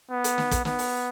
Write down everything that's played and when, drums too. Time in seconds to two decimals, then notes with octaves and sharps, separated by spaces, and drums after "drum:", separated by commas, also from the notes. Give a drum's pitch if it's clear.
0.11 B3
0.24 drum: hi-hat
0.38 drum: snare
0.51 drum: kick, hi-hat
0.65 B3, drum: snare
0.79 drum: open hi-hat